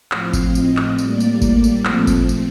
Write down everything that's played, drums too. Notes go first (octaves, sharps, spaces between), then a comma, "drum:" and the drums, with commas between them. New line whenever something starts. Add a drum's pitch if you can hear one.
A2 F3 C4 F5, drum: clap
drum: kick G#1, tambourine
D#5, drum: tambourine
drum: clap
A2 G3 A#3 D5, drum: tambourine
drum: tambourine
D5, drum: kick G#1, tambourine
drum: tambourine
A#2 F3 A3 C4 A4, drum: clap
drum: kick G#1, tambourine
drum: tambourine